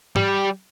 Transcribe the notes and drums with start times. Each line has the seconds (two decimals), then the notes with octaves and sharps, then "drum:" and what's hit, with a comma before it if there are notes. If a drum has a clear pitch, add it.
0.16 G3, drum: tom G#2